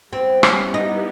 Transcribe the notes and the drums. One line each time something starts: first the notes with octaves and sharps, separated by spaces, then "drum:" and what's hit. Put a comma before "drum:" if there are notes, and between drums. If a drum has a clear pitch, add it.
G3 B3 C4 E4 G4
C#4, drum: rim click
D#4